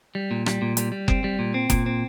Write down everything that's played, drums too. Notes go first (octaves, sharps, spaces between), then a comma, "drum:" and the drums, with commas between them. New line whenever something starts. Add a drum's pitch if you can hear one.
G3
A#2
G3, drum: rim click
A#2
G3, drum: hi-hat
G3
C4, drum: kick F#1
G3
A#2
C4
A#2, drum: kick F#1, hi-hat
C4